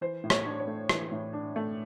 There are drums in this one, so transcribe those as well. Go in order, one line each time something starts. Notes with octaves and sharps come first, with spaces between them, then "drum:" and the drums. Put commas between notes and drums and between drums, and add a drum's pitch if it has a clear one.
E3 C5
A2
C#5, drum: rim click
D4
C#5
A3
E3, drum: rim click
A2
D4
A3